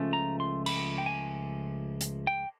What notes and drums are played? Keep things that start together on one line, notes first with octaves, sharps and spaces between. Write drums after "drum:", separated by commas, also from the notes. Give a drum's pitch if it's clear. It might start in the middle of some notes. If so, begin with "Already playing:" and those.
Already playing: C#2 F3 A3 C#4
A#5
C6
B5, drum: cymbal
G5
G#5
drum: hi-hat
G5